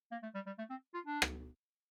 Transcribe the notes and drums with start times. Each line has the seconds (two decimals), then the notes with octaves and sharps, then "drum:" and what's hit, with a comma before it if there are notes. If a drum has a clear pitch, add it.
0.12 A#3
0.23 A3
0.35 G3
0.47 G3
0.58 A3
0.70 C4
0.94 F4
1.06 D4
1.22 drum: rim click